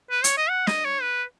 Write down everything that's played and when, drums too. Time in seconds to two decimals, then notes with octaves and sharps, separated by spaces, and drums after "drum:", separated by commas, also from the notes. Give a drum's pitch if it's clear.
0.11 B4
0.24 C#5, drum: hi-hat
0.37 D#5
0.49 F#5
0.67 D#5, drum: snare
0.85 C#5
1.02 B4